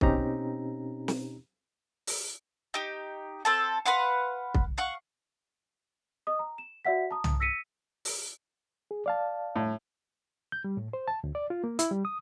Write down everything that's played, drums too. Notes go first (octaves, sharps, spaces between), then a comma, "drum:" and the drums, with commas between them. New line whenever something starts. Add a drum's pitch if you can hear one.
B2 C4 C#4 D#4 G4 A#5, drum: kick
drum: snare
drum: open hi-hat
D#4 G4
C4 A4 A5
B4 F5 F#5 C6
drum: kick
F5 F#5 C#6
D#5 D#6
A#5
E7
F#4 D5 E5 F#5 B6
A5 A#5 D#6
drum: tom
E6 A#6 B6 C#7 D#7
drum: open hi-hat
G#4
D5 F5 A5
A2
G6
G3
A2
C5
A5
D2
D5
F4
A#3
E4, drum: hi-hat
G3
D#6